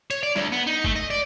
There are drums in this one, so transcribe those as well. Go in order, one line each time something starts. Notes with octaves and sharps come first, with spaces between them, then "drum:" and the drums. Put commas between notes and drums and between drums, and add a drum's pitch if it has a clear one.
C#5, drum: hi-hat
D5
D2, drum: snare
B3
D#4
A3, drum: kick F#1
D#5
D5